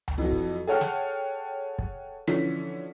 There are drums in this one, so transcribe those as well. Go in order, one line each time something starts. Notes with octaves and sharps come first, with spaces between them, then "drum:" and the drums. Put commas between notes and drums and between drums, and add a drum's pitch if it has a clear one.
drum: tom C#2
F2 E3 F#3
drum: kick
G#4 A4 C#5 F#5 G5 F6
drum: snare
drum: kick
D3 E3 F3 C#4 B6, drum: snare